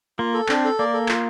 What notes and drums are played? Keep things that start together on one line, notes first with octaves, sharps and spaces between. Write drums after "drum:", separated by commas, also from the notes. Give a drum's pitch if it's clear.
A#3 F4
A4
C4 D4, drum: clap
A4
A#3 D5
A4
F4, drum: clap